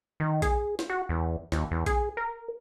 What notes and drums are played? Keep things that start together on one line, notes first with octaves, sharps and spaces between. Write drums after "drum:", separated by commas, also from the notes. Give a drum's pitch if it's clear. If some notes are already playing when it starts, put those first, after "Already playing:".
D#3
G#4, drum: kick A#1, hi-hat
drum: snare
F#4
E2
D#2, drum: snare
E2
G#4, drum: kick A#1, hi-hat
A#4